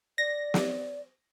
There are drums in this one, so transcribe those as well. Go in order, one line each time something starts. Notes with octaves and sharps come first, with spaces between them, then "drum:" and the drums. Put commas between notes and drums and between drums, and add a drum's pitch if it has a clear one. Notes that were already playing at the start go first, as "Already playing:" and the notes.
D5 A#6
drum: snare